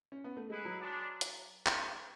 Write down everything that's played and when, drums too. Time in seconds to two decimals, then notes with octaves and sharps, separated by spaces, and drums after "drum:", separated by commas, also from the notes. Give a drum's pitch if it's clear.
0.12 C#4
0.24 B3
0.37 A3
0.50 G#3 E4 G#4 B4 F#5
0.65 F#3
0.79 G#3 B3 D4
1.21 drum: hi-hat
1.66 drum: clap